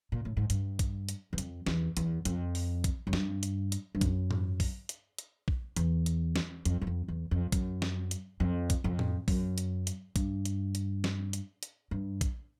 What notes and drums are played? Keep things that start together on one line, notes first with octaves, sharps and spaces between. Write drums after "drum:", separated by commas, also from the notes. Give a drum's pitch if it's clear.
A#2
A2
G#2
G2, drum: hi-hat
drum: kick, hi-hat
drum: hi-hat
E2
F2, drum: hi-hat
E2, drum: snare
E2, drum: hi-hat
F2, drum: hi-hat
drum: open hi-hat
drum: kick, hi-hat
F#2
G2, drum: snare
drum: hi-hat
drum: hi-hat
G2
F#2, drum: kick, hi-hat
drum: tom G#2
drum: kick, open hi-hat
drum: hi-hat
drum: hi-hat
drum: kick
E2, drum: hi-hat
drum: hi-hat
drum: snare
F2, drum: hi-hat
F#2
F2
E2
F2
F#2, drum: kick, hi-hat
drum: snare
drum: hi-hat
F2
drum: kick, hi-hat
F2
drum: tom A2
F#2, drum: kick, open hi-hat
drum: hi-hat
drum: hi-hat
G2, drum: kick, hi-hat
drum: hi-hat
drum: hi-hat
drum: snare
drum: hi-hat
drum: hi-hat
G2
drum: kick, hi-hat